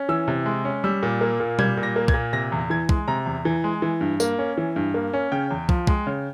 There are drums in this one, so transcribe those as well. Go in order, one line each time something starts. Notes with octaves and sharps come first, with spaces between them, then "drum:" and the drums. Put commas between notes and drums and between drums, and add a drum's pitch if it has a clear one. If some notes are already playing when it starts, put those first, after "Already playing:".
Already playing: C#4
E3 E6
C3
G#3
C#4
G3 E6
A#2
A#3
A#2
G3 G#6, drum: tom B2
A#2
A#6
A#3
G#6, drum: kick
A#2
C3 A#6
E2
E3 G#6
G#3, drum: kick
C3 A#5
E2
E3
G#3
E3
G2
A#3, drum: tambourine
C#4
E3
G2
A#3
C#4
C#3 G5
E2
F3, drum: kick
G#3, drum: kick
C#3